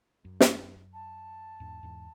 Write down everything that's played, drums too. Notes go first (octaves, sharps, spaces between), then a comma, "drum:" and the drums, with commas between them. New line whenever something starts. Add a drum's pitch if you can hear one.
F#2
drum: snare
A5
E2 G#2
E2 G#2